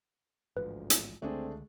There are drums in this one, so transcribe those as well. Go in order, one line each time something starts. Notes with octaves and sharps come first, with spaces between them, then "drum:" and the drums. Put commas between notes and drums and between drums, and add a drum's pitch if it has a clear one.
A1 D2 G#2 F3 B4
drum: hi-hat
C#2 D3 G#3 A3 C4 D4 G#4